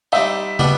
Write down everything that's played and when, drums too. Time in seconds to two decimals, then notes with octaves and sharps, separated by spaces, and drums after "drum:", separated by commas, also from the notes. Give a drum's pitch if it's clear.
0.12 G3 C4 D#4 E5
0.59 B2 G3 B3 D4 G4, drum: tom